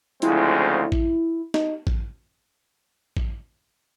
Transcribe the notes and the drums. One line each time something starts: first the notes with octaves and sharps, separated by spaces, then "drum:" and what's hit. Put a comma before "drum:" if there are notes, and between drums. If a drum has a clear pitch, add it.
D2 C#3 F3 G#3 C4 E4, drum: hi-hat
drum: kick A1
D#4, drum: snare
drum: kick A1
drum: kick A1